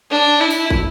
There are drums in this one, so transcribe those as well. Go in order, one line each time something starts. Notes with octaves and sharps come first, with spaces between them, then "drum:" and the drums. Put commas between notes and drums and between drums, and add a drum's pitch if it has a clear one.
D4
E4
drum: tambourine
drum: kick